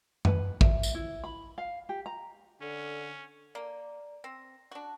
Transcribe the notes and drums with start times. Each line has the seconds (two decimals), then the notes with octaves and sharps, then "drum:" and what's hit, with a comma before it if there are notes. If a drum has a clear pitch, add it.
0.25 B4, drum: tom F#2
0.61 E5, drum: kick
0.83 drum: tambourine
0.95 E4
1.24 B5
1.58 F5
1.89 G4
2.06 A#5
2.61 D3 C#4
3.55 A#3 D5 A#5
4.24 C4 A#6
4.71 D4 F#4